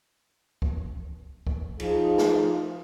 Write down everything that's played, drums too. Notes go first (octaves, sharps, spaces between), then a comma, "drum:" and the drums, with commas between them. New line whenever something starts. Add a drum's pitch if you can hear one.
drum: kick
drum: kick
F3 D#4 F4 G#4, drum: cymbal
drum: snare